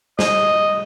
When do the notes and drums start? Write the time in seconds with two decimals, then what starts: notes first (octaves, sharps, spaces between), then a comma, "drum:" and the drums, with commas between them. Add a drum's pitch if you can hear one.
0.19 D#5, drum: snare